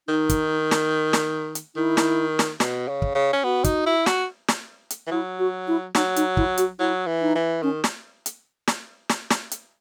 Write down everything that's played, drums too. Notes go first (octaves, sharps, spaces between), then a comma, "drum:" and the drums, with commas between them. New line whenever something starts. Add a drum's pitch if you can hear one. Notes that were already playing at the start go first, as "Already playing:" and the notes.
D#3 D#4
drum: kick, hi-hat
drum: snare
drum: snare
drum: hi-hat
D#3 E4
drum: snare
drum: snare
B2, drum: snare
C#3
drum: kick
C#3
C#4
B3 F#4
D#4, drum: kick, hi-hat
E4
F#4, drum: snare
drum: snare
drum: hi-hat
E3
F#3 E4
F#4
E4
F#3 D#4, drum: snare
D#4, drum: hi-hat
E4, drum: kick
F#4, drum: hi-hat
F#3 E4
E3
D#4
E3
D#3 C#4
drum: snare
drum: hi-hat
drum: snare
drum: snare
drum: snare
drum: hi-hat